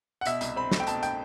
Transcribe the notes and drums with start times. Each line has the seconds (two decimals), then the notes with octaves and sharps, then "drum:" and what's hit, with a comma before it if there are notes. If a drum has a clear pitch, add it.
0.21 F#5
0.26 B2 E5, drum: hi-hat
0.41 C2, drum: hi-hat
0.56 C4 B5
0.72 A3, drum: snare
0.80 G5
0.87 B2 A5, drum: hi-hat
1.03 G5, drum: hi-hat